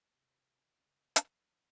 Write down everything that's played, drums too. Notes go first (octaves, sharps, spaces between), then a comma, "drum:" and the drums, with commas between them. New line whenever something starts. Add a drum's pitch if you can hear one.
C3
C#3
F3, drum: hi-hat